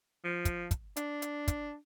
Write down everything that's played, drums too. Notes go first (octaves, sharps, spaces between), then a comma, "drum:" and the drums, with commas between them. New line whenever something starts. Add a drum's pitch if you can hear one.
F3
drum: kick, hi-hat
drum: kick, hi-hat
D4, drum: hi-hat
drum: hi-hat
drum: kick, hi-hat